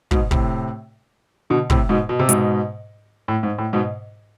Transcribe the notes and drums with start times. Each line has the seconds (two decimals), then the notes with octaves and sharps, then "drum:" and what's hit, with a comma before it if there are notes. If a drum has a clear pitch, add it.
0.11 G#2 B2, drum: kick
0.31 A2 C3, drum: kick
1.50 B2 D3
1.70 A2 C3, drum: kick
1.89 G#2 B2
2.09 B2
2.19 C3
2.29 G#2 B2, drum: hi-hat
3.28 A2
3.43 G#2
3.58 A2
3.73 G#2 B2